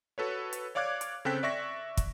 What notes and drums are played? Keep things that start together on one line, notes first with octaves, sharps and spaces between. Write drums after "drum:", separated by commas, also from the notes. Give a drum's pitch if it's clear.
F#4 A4 B4 C#5
drum: hi-hat
C#5 D5 F5 D6 F#6 G#6
drum: hi-hat
C#3 C4 A4 G5 F#6 B6
D5 E5 C#6 A#6 B6
drum: kick, hi-hat